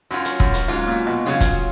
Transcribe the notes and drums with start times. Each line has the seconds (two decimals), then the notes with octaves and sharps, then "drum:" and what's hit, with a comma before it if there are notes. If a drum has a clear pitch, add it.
0.11 F#2 F#3 C#4 F4
0.25 drum: hi-hat
0.40 F#2, drum: kick E1
0.54 drum: hi-hat
0.68 G#2 F#3 C#4 F4
0.87 A#2
1.07 B2
1.26 C#3 F#3 C#4 F4
1.40 drum: kick E1, hi-hat